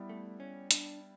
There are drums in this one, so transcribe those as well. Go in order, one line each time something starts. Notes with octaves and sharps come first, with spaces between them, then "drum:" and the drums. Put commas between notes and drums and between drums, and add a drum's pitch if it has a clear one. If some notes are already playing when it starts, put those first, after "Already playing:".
Already playing: G3 B3 E4 G4
A3
C#4
D4, drum: hi-hat